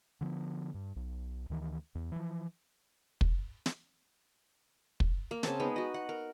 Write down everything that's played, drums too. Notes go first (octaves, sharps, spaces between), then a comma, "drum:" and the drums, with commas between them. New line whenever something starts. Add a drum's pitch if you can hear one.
D3 F3 B3
G2
B1
D2 D#3 E3
E2
E3 F3
drum: kick
drum: snare
drum: kick
A#3
C#3 C4 A5, drum: snare
G#3 B3 D#4
F#4 D#5
F#5
A#4